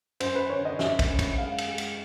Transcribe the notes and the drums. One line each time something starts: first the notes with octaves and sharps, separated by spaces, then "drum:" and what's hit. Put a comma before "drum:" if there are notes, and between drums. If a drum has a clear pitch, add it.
F#2 C5, drum: cymbal
B4
D3 C#5
D#5
F#2 E5, drum: snare
drum: kick, cymbal
F#2
drum: kick, cymbal
G#3 F5
drum: cymbal
G#3
drum: cymbal